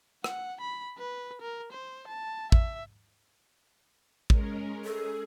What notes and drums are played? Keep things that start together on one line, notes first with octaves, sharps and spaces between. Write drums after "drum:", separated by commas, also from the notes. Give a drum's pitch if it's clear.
F#5, drum: rim click
B5
B4
A#4
C5
A5
E5, drum: kick
G#3 C#4 A#4, drum: kick
G#4 A4